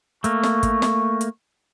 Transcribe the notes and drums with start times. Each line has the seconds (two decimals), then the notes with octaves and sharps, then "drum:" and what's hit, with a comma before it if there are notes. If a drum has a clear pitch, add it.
0.24 A3 A#3 C#6, drum: hi-hat
0.43 drum: snare
0.63 drum: kick, hi-hat
0.82 drum: snare
1.21 drum: hi-hat